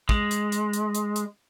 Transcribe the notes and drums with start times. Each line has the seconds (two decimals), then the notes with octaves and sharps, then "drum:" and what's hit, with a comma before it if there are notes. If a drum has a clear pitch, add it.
0.09 G#3, drum: kick
0.31 drum: hi-hat
0.52 drum: hi-hat
0.73 drum: hi-hat
0.95 drum: hi-hat
1.16 drum: hi-hat